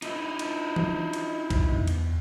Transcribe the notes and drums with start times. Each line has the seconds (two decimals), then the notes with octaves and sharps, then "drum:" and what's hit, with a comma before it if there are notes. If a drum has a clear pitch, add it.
0.02 D#4 E4, drum: cymbal
0.39 drum: cymbal
0.76 drum: tom
1.13 drum: cymbal
1.50 drum: kick, cymbal
1.72 E2
1.87 drum: cymbal